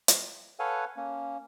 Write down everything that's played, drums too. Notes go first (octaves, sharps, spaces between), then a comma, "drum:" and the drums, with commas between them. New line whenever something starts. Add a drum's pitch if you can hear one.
drum: hi-hat
A4 B4 C#5 F5 F#5 G#5
A#3 C#4